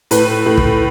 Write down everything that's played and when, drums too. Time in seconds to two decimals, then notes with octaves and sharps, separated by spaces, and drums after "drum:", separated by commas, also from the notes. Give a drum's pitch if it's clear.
0.11 A2 B4, drum: hi-hat
0.46 A2
0.57 drum: kick